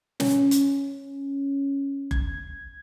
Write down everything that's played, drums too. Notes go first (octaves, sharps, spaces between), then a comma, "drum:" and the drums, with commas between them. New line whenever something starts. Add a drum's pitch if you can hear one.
C#4, drum: snare
drum: hi-hat
G#6, drum: kick F#1